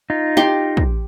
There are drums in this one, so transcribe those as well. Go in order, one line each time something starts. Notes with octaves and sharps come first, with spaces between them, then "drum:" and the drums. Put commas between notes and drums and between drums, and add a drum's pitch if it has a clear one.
D#4 F4
G4 C6
drum: kick